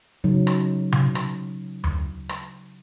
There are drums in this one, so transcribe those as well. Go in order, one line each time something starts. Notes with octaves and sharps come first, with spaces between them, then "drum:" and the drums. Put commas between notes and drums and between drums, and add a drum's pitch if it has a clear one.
C#3 F#3 D#4
drum: rim click
drum: tom C3
drum: rim click
drum: tom D2
drum: rim click